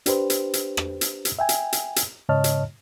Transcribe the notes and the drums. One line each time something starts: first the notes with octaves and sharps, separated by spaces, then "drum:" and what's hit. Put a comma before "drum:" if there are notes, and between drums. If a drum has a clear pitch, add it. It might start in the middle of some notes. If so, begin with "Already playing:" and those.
D4 G4 B4 C5, drum: hi-hat
drum: hi-hat
drum: hi-hat
drum: rim click
drum: hi-hat
drum: hi-hat
E5 G5 G#5
drum: hi-hat
drum: hi-hat
drum: hi-hat
G#2 C#3 C#5 D#5 A5 F6
drum: hi-hat